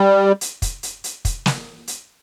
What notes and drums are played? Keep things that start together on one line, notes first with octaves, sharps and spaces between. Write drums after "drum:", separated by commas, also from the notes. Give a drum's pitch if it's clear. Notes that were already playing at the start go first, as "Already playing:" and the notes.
Already playing: G3
drum: hi-hat
drum: kick, hi-hat
drum: hi-hat
drum: hi-hat
drum: kick, hi-hat
drum: snare
drum: hi-hat